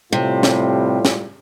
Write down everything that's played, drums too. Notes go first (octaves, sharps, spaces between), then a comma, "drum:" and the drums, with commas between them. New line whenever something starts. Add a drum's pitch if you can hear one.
A2 C3 G3 F4
drum: snare
drum: snare